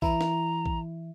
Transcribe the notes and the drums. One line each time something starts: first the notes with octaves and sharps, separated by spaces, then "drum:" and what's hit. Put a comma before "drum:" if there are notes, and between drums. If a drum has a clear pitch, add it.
E3 E4 A#5, drum: kick A#1
drum: snare
drum: kick A#1